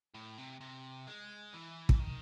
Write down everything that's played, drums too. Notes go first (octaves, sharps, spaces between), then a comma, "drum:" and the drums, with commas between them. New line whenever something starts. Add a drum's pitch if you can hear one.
A2
C3
C3
G#3
E3
drum: kick
D#3